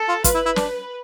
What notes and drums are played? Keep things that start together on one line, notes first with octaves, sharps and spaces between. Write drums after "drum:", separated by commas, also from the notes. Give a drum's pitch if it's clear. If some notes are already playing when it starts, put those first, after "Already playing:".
Already playing: A4
F4
F4 B4, drum: kick, hi-hat
E4
E4
D4, drum: snare